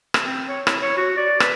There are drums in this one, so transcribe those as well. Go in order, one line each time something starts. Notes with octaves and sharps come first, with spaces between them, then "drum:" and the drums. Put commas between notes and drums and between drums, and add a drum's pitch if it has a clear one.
drum: rim click
C4
C#5
E4, drum: rim click
C#5
F#4
D5
B4, drum: rim click